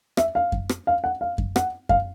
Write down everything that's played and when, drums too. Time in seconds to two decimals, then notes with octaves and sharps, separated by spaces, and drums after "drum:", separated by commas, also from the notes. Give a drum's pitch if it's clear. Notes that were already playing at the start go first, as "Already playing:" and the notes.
0.17 E5, drum: rim click
0.35 F5
0.52 drum: kick F#2
0.69 drum: rim click
0.87 F5
1.04 F#5
1.21 F5
1.38 drum: kick F#2
1.56 F#5, drum: rim click
1.89 F5, drum: kick F#2